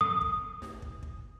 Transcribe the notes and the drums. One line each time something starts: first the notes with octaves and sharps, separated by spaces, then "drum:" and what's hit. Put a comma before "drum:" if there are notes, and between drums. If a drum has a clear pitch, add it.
D#6
drum: kick
drum: snare
drum: kick
drum: kick